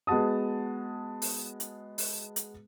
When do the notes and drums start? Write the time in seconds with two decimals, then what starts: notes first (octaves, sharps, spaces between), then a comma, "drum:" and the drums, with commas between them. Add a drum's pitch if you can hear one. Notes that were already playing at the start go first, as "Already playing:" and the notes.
0.07 G#3 B3 F#4 A5 D#6
1.22 drum: open hi-hat
1.60 drum: hi-hat
1.98 drum: open hi-hat
2.36 drum: hi-hat